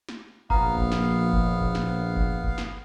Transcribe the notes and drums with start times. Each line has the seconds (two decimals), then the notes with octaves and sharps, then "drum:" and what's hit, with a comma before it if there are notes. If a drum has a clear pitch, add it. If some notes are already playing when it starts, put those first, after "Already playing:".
0.09 drum: snare
0.50 A#1 B3 F5 A#5, drum: kick F#1
0.78 drum: kick F#1
0.92 drum: snare
1.33 drum: kick F#1
1.61 drum: kick F#1
1.75 drum: snare
2.16 drum: kick F#1
2.44 drum: kick F#1
2.58 drum: snare